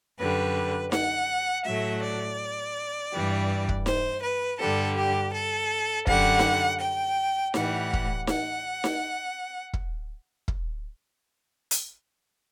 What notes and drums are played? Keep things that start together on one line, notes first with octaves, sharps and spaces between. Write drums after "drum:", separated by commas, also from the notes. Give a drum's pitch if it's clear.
F#2 D3 G3 B4
F#5, drum: snare D#4
A2 F#3 A3 E5
D5
G2 E3 G3
drum: kick
C5, drum: snare D#4
B4
G2 D3 G3 A4
G4
A4
F#2 D3 G3 F#5, drum: kick
drum: snare D#4
G5
A2 E3 G3 F#5, drum: snare D#4
drum: kick
F#5, drum: snare D#4
drum: snare D#4
drum: kick
drum: kick
drum: hi-hat